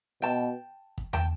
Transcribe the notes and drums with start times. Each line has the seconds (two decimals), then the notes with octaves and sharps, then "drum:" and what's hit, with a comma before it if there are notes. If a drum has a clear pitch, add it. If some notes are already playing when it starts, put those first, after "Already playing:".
0.22 B2 G5 A5
0.98 drum: kick
1.13 G5 A5, drum: tom E2